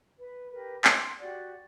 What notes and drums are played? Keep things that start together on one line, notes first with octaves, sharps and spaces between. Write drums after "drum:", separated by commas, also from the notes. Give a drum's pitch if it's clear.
B4
G4 A#4 B4
C6, drum: clap
F#4 G4 D5 F#5